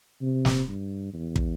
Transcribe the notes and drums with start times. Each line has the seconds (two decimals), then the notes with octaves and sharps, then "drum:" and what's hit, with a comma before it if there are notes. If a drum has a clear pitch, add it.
0.22 C3
0.45 drum: snare
0.68 G2
1.13 E2
1.36 drum: kick